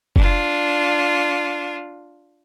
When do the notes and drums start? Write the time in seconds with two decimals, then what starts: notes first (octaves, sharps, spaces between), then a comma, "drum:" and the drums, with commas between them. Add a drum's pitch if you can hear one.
0.16 D4 F4, drum: kick F1